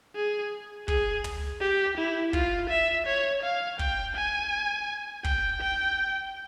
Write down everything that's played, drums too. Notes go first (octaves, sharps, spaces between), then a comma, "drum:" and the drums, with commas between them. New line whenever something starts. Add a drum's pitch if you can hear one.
G#4
G#4, drum: kick
drum: tom
G4
E4
F4, drum: kick
E5
C#5
F5
G5, drum: kick
G#5
G5, drum: kick
G5